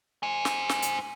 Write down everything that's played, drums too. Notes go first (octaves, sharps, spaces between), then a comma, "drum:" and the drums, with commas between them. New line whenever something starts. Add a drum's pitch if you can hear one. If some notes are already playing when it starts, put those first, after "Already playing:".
C5 G#5
drum: snare
drum: snare
drum: hi-hat